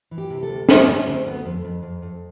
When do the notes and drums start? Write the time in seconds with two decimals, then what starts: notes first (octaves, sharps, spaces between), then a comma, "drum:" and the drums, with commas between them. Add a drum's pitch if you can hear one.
0.11 E3
0.18 G4
0.30 C3
0.43 A4
0.49 D2
0.69 D2 D#4, drum: snare
0.87 D2 C#4
1.07 D2 C4
1.26 D2 B3
1.45 F2
1.65 F2
1.83 F2
2.02 F2